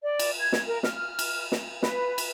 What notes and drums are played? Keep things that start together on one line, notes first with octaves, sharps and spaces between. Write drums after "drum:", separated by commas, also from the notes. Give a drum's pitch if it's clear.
D5
drum: cymbal
G#6
drum: snare
A#4
F6, drum: snare
drum: cymbal
drum: snare
B4, drum: snare
drum: cymbal